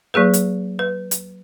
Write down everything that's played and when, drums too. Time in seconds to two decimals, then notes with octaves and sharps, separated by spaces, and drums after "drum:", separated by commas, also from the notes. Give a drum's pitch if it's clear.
0.14 F#3 A#3 G#4 B4
0.33 drum: hi-hat
0.79 B4
1.11 drum: hi-hat